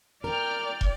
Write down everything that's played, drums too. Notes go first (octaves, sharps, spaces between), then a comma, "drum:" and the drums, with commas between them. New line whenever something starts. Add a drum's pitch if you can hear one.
A#4 D5 G5 F6
drum: kick